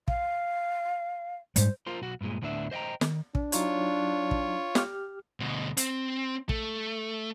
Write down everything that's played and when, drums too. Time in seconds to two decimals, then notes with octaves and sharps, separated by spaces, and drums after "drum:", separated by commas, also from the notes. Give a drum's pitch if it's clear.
0.08 F5, drum: kick
1.56 G#2 G3 C5, drum: hi-hat
1.87 F4 A#4 C5
2.02 B1 F#4
2.21 G2 A#2 G#3
2.42 D2 A2 B3 D4 E5
2.71 C5 D#5 F5 G5 A#5
3.01 D#3, drum: snare
3.35 D4, drum: kick
3.52 F#3 D#4 F4 C#5, drum: hi-hat
4.31 drum: kick
4.75 G4 F6, drum: snare
5.40 D2 B2
5.77 C4, drum: hi-hat
6.49 A3, drum: kick